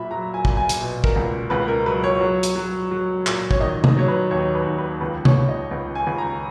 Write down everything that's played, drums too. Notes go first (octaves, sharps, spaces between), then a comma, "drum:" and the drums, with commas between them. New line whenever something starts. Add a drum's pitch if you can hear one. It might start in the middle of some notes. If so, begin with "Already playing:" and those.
Already playing: A#2 F#3 E5 B5
F#3 A#5
G#5
A#2, drum: kick
G#5
drum: hi-hat
B2
A#4, drum: kick
C#2
C#2 B4
A#4
F#3 B4
C#5
F#3
drum: hi-hat
F#3
F#3
A#2, drum: clap
C#5, drum: kick
D#3 D#5
D#5, drum: tom C3
F#3 C#5
B4
D#2 C#5
B4
D#2
B4
C#2 B4
C#5, drum: tom C3
C#2
D#5
C#2
G#5
C#2
A#5